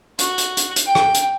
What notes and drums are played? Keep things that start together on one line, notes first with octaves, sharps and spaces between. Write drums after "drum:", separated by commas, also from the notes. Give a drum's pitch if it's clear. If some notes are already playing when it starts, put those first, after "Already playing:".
F#4, drum: hi-hat
drum: hi-hat
drum: hi-hat
drum: hi-hat
G5
drum: rim click
drum: hi-hat